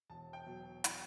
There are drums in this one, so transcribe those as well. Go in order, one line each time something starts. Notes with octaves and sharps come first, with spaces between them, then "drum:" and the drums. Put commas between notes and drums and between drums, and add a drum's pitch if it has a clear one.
E1 A5
G5
B2 F#3 B3
drum: hi-hat